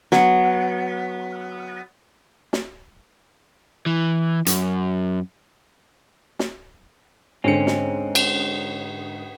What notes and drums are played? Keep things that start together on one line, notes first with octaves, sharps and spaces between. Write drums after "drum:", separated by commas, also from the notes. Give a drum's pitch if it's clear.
F#3 B3, drum: snare
drum: snare
E3
F#2, drum: hi-hat
drum: snare
G#2 D3 C4 C#4 C#7
drum: snare
drum: cymbal